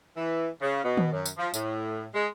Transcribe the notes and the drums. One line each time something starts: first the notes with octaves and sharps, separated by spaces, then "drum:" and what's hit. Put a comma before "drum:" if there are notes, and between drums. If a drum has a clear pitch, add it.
E3
C#3
B2
drum: tom D#3
F#2
drum: tambourine
F3
A2, drum: tambourine
G#3